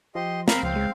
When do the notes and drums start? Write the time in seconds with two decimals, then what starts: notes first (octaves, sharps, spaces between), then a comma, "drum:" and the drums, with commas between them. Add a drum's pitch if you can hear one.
0.15 F3 G4 D#5 C6
0.48 C4 A#4 F5 B5, drum: snare
0.63 C#2 F3 C4 F5
0.76 G#3